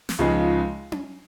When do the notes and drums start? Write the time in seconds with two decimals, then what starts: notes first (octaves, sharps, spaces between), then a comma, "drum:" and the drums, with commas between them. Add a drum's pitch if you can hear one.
0.09 drum: snare
0.19 C#2 C#3 F3 G#3 D#4
0.92 drum: tom C#4